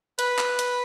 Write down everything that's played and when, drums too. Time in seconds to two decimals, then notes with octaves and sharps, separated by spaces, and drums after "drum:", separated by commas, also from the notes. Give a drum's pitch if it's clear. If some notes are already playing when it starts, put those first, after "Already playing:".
0.19 B4, drum: hi-hat
0.39 drum: clap
0.59 drum: hi-hat